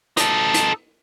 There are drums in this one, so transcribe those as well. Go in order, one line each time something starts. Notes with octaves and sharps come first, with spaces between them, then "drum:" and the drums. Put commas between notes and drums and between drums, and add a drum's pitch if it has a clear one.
D#4 A4, drum: hi-hat
drum: hi-hat